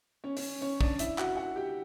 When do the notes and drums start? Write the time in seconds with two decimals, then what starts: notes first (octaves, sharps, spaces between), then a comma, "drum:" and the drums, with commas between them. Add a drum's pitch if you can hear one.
0.24 C#4 C#5
0.37 C#4 C#5, drum: open hi-hat
0.61 C#4 C#5
0.81 D4 D5, drum: kick
0.99 E4 E5, drum: hi-hat
1.18 F#4 F#5, drum: clap
1.37 F#4 F#5
1.56 G4 G5